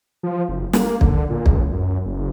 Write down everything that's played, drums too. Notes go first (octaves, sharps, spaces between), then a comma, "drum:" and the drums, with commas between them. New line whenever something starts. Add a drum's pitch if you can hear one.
F3
F#1
A#3, drum: snare
D3, drum: kick
A#2
C#2, drum: kick
F#2
F#1